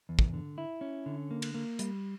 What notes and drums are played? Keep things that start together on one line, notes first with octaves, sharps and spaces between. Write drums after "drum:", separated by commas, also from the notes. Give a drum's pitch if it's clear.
E2
drum: kick
D3
E4
C#4
D3
A#3
drum: cymbal
A#3
G3, drum: hi-hat